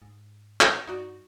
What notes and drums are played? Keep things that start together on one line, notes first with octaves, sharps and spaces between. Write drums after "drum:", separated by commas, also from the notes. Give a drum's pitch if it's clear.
G#2
drum: clap
G2 D#4 F#4 D5